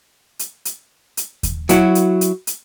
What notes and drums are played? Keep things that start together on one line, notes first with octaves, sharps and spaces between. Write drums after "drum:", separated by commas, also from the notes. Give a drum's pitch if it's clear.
drum: hi-hat
drum: hi-hat
drum: hi-hat
drum: kick D#2, hi-hat
F#3 E4 F#4, drum: hi-hat
drum: hi-hat
drum: hi-hat
drum: hi-hat